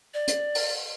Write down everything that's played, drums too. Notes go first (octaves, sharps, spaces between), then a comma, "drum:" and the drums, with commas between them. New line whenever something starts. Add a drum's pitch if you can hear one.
D5
drum: hi-hat
drum: open hi-hat